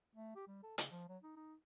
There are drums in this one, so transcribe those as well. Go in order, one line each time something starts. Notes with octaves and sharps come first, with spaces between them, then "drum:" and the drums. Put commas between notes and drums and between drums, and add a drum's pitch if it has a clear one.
A3
G4
G3
A4
C#3, drum: hi-hat
F3
F#3
D#4
D#4